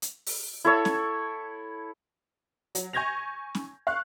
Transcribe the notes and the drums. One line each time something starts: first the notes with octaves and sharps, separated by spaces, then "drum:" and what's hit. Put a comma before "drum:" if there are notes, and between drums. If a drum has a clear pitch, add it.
drum: hi-hat
drum: open hi-hat
E4 A4 C#5
drum: snare C#4
F#3, drum: hi-hat
G#5 C#6 G6 G#6 A#6 F7
drum: snare C#4
F5 C#6 F#6